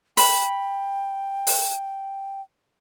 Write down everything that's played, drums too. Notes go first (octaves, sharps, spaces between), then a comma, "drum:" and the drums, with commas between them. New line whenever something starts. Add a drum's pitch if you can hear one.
G5 B5, drum: open hi-hat
drum: open hi-hat